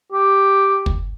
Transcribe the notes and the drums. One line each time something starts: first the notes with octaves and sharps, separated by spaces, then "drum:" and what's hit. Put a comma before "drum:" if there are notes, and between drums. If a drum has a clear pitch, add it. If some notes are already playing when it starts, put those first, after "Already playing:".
G4
drum: kick